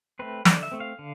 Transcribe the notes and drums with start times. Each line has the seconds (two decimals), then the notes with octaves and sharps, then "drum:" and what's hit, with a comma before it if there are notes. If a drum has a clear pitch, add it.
0.19 A3 C4 B4
0.45 D3 D5, drum: snare
0.63 E5
0.72 A3 C4
0.80 F5
0.99 D3